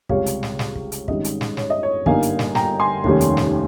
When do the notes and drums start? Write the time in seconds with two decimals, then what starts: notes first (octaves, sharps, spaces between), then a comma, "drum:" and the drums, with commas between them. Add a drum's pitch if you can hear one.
0.09 C#2 C3 G3 C#5 F5, drum: kick
0.26 drum: hi-hat
0.43 drum: snare
0.59 drum: snare
0.75 drum: kick
0.92 drum: hi-hat
1.08 G#1 G#2 G3 C#4 D#5, drum: kick
1.24 drum: hi-hat
1.41 drum: snare
1.57 C#5, drum: snare
1.70 D#5
1.83 C#5
2.06 G1 G2 G3 A#3 D#4 F5 G#5, drum: kick
2.23 drum: hi-hat
2.39 drum: snare
2.55 G5 A#5, drum: snare
2.80 G#5 C6
3.04 F1 D#2 D#3 G3 C#4, drum: kick
3.21 drum: hi-hat
3.37 drum: snare